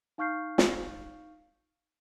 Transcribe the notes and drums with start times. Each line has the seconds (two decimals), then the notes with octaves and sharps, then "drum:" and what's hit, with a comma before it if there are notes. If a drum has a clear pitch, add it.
0.18 D#4 F5 C#6 F6 G6 C7
0.58 drum: snare